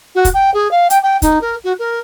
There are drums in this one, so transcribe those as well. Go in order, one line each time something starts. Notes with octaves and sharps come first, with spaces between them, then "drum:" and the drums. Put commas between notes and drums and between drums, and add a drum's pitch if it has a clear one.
F#4
drum: kick, hi-hat
G5
G#4
F5
G5, drum: hi-hat
G5
D#4, drum: kick, hi-hat
A#4
F#4
A#4